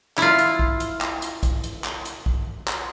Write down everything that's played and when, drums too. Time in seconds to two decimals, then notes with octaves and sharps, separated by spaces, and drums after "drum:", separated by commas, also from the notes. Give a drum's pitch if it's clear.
0.18 E4 F4, drum: clap
0.39 drum: hi-hat
0.59 drum: kick
0.80 drum: hi-hat
1.01 drum: clap
1.22 drum: hi-hat
1.43 drum: kick, hi-hat
1.64 drum: hi-hat
1.84 drum: clap
2.05 drum: hi-hat
2.26 drum: kick
2.68 drum: clap